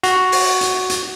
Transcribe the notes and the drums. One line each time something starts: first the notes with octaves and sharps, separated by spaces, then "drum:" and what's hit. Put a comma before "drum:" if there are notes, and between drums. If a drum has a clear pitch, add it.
F#4, drum: hi-hat
drum: open hi-hat
drum: hi-hat
drum: hi-hat